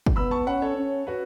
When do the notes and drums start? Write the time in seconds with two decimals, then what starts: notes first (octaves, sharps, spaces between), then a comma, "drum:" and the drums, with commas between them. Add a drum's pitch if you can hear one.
0.06 drum: kick
0.16 B3 B5 E6
0.31 A5 C#6
0.47 C#4 F#5 B5
0.62 A4 C#5
0.77 C#4
1.07 F#4 B4